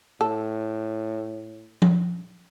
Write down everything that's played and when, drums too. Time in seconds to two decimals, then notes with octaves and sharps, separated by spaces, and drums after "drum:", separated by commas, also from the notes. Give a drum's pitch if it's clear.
0.21 A2 A4
1.82 drum: tom F3